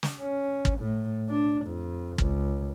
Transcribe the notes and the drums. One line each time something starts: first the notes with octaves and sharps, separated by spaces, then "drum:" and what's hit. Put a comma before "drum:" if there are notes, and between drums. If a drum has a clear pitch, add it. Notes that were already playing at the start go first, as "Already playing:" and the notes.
drum: snare
C#4
drum: kick
A2
D4
F2
C#2, drum: kick